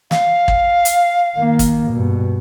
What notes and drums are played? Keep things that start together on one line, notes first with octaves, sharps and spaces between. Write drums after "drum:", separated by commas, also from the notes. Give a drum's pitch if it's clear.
F5, drum: snare
drum: kick
drum: hi-hat
D#3 A#3
drum: kick, hi-hat
G2 B2